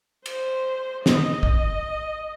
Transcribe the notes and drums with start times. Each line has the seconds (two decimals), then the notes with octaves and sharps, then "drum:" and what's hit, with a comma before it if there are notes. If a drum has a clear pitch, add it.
0.26 C5, drum: cymbal
1.06 D#5, drum: snare
1.43 drum: kick